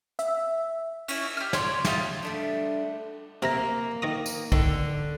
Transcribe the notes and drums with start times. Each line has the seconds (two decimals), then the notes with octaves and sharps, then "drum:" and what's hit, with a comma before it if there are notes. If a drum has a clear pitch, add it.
0.19 E5, drum: hi-hat
1.08 C#4 E4, drum: cymbal
1.37 G4 F6
1.53 C#5 D5 C6, drum: snare
1.85 D#4 F4 G4 E5, drum: snare
2.23 G3 A3 D4
3.42 C3 A#3 E5 A#5
4.02 D#3 A#5 D#6
4.26 drum: tambourine
4.52 D3 D#3, drum: kick